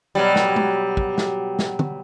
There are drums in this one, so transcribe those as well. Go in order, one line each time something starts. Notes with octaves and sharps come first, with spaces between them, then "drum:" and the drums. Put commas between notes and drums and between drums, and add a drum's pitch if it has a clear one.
B2 F#3 G3
drum: snare
drum: tom G#3
drum: kick
drum: snare
drum: snare
drum: tom